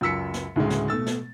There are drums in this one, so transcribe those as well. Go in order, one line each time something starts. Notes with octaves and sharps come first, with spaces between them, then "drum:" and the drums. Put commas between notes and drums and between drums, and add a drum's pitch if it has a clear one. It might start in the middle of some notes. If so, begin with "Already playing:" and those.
C#2 F#2 E6 B6 C#7
drum: snare
D2 A2 C#3 G#3
drum: snare
B2 A3 E6 A6
drum: snare